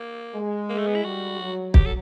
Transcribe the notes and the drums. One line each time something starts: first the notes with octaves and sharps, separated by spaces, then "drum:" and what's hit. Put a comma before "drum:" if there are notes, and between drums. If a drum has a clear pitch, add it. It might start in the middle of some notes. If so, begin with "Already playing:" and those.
Already playing: A#3
G#3
A#3
A3
B3
E4
G3 F#4
F#3
G4, drum: kick
A4